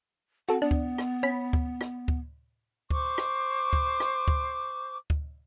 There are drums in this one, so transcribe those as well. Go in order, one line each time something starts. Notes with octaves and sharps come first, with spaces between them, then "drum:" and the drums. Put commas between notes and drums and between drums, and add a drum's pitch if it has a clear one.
C4 F#4 A4
B3 D4
drum: kick D2
drum: rim click
C#4 B5
drum: kick D2
drum: rim click
drum: kick D2
C5 C#6 D6, drum: kick D2
drum: rim click
drum: kick D2
drum: rim click
drum: kick D2
drum: kick D2